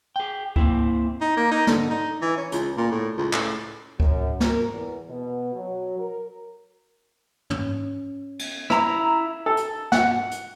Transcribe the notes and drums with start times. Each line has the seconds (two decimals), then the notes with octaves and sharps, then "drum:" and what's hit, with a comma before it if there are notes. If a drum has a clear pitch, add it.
0.16 G#4 G5
0.56 A#3 C4 E4, drum: kick C#2
1.21 D#4
1.37 A#3
1.51 D#4
1.67 D3, drum: snare
1.90 D#4
2.22 E3
2.37 C#4
2.52 C#2, drum: hi-hat
2.77 A#2
2.91 A2
3.17 C#2
3.33 A2, drum: clap
4.00 F#2, drum: kick C#2
4.40 A#4, drum: snare
4.72 E2
5.09 B2
5.56 F#3
5.99 A#4
7.50 C#4, drum: tom
8.39 drum: cymbal
8.70 E4 A#5, drum: rim click
9.46 A4
9.57 drum: hi-hat
9.92 F#5, drum: snare
10.31 drum: hi-hat